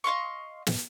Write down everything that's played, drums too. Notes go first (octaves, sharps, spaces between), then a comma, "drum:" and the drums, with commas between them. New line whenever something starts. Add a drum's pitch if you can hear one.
D#5 F5 C6 C#6
drum: snare